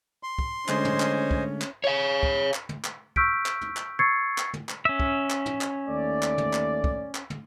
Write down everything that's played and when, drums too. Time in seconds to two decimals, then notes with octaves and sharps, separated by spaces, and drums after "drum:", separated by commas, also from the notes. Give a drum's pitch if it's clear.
0.23 C6
0.39 drum: kick
0.68 D3 G#3 A3 C#4 C5 D#5 G#5, drum: clap
0.85 drum: tom
1.00 drum: clap
1.31 drum: kick
1.61 drum: clap
1.84 C#5 F5
2.23 drum: kick
2.54 drum: clap
2.69 drum: tom
2.84 drum: clap
3.16 C#6 E6 F6 G6 B6 D7, drum: kick
3.46 drum: clap
3.61 drum: tom
3.77 drum: clap
3.99 C#6 E6 G#6 A6 C7 C#7
4.38 drum: clap
4.53 drum: tom
4.69 drum: clap
4.85 C#4 E5
5.00 drum: kick
5.30 drum: clap
5.46 drum: tom
5.61 drum: clap
5.87 D#2 A3 D5
6.23 drum: clap
6.38 drum: tom
6.53 drum: clap
6.84 drum: kick
7.15 drum: clap
7.30 drum: tom